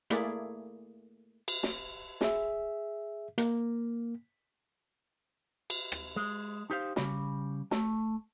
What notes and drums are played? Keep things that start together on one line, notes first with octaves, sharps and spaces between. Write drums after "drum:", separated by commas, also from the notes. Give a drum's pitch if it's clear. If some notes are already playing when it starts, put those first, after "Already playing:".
A3 A#3 E4 G#4 D5 B5, drum: hi-hat
drum: cymbal
drum: snare
G#4 E5, drum: snare
A#3, drum: hi-hat
drum: cymbal
drum: rim click
G#3
D#4 G4 C5 F5
C#3 G3, drum: snare
A3, drum: snare